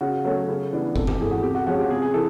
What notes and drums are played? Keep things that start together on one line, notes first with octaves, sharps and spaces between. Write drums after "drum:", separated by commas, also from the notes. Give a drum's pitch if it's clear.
C#3 F#4
F#3 A3 C#4
C#3
E3 G3 B3 D4
C3 A4, drum: kick F#1
G4, drum: tom G2
E3 A3 G#4
F#4
C3 G4
F#4
F3 G#3 C#4 F#4
G4
C3 G#4
G#4
E3 A4